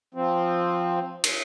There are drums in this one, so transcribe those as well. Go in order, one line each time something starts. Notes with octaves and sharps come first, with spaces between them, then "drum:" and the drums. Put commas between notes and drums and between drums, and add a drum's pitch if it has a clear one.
F3 C4
drum: cymbal